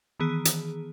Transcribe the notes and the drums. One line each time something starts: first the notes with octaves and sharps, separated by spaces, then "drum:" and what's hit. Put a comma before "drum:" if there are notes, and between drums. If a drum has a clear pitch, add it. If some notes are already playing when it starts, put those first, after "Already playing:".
D#3 E3 B3 G#4
drum: hi-hat